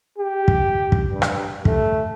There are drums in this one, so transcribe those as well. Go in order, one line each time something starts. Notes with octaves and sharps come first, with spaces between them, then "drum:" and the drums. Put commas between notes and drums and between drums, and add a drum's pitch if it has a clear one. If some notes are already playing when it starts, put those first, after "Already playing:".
G4
drum: kick
drum: kick
G2
drum: rim click
A3, drum: kick